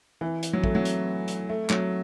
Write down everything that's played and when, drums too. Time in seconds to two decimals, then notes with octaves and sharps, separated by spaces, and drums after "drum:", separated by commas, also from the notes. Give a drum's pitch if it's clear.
0.21 E3
0.43 drum: hi-hat
0.53 F#3
0.64 A3, drum: kick
0.75 F#3
0.85 drum: hi-hat
1.28 drum: hi-hat
1.49 A3
1.70 F#3, drum: clap